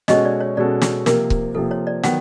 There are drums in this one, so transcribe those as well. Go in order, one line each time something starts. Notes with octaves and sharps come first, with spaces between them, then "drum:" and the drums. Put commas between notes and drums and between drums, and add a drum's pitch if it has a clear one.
B2 G#3 C#4 F#4 A4 D#5, drum: snare
D5
C#5
B2 G#3 C#4 F#4 A4 D5
drum: snare
C3 F3 A#3 A#4, drum: snare
drum: kick C#1
C3 F3 A#3 A4
C#5
D5
D#3 F#3 B3 F#5, drum: snare